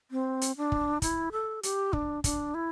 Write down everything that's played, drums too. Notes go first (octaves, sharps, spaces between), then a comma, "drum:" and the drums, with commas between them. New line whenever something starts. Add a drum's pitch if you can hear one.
C4
drum: hi-hat
D4
drum: kick
E4, drum: kick, hi-hat
A4
G4, drum: hi-hat
D4, drum: kick
D4, drum: kick, hi-hat
E4